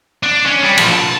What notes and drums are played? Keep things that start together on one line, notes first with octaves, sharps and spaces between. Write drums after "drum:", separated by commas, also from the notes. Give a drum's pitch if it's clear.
D4
C#4
G3
A#2 F3, drum: cymbal
A5